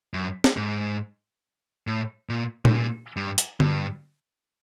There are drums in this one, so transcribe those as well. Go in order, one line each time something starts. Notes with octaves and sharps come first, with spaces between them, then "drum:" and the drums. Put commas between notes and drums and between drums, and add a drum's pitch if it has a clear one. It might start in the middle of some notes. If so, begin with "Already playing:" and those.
F#2
drum: snare
G#2
A2
A#2
A2, drum: tom A#2
A#2
G2
drum: hi-hat
G2, drum: tom D3